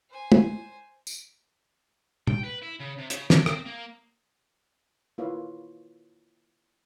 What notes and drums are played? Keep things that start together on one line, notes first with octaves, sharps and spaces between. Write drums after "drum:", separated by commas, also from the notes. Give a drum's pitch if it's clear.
C5 G#5
drum: tom
drum: tambourine
G5, drum: tom
B4
E4
C#3
C3
C#3, drum: hi-hat
G5, drum: snare
C4, drum: rim click
A#3
A#3 E4 F4 B4 C#5 F5